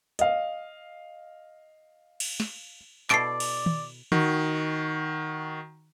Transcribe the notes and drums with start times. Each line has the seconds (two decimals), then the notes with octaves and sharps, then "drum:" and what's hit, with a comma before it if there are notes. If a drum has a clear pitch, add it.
0.19 D#5 F5, drum: hi-hat
2.20 drum: cymbal
2.40 drum: snare
3.10 B2 E4 A4 D5 C7 D7, drum: clap
3.40 drum: cymbal
3.66 drum: tom D#3
4.12 D#3 F#4, drum: tom D#3